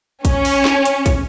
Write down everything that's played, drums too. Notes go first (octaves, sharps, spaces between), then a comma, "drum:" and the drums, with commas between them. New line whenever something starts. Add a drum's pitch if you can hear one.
C#4, drum: kick, hi-hat
drum: open hi-hat
drum: snare
drum: hi-hat
drum: kick, hi-hat